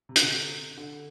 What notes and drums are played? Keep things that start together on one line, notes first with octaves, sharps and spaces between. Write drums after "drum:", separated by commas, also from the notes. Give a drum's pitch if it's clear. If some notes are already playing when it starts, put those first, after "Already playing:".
C3
D3, drum: hi-hat
C3
D3